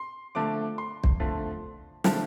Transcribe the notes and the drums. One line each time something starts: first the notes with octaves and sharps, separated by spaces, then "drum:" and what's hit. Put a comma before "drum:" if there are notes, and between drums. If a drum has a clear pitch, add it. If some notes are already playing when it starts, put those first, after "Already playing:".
Already playing: C6
D3 F3 A3 D6
C6
drum: kick
D3 F3 A3
D3 F3 A3, drum: snare